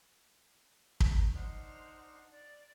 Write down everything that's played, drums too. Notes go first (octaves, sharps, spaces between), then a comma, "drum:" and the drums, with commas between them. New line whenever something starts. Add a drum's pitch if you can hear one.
drum: kick
D4 D#4 C5 F#5 F6
D5